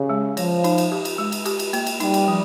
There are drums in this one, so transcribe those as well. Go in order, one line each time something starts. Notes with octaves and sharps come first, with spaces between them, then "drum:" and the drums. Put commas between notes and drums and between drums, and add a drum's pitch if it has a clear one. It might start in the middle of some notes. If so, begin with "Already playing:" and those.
Already playing: C#3 G4
G#3
F3 C#5, drum: cymbal
D#4, drum: cymbal
drum: cymbal
G4
drum: cymbal
G#3
drum: cymbal
G4, drum: cymbal
drum: cymbal
A#3, drum: cymbal
drum: cymbal
G3 D#4, drum: cymbal
drum: cymbal
F3